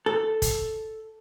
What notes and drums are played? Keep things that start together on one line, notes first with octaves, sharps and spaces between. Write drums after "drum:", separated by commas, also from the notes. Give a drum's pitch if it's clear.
A4
drum: kick, hi-hat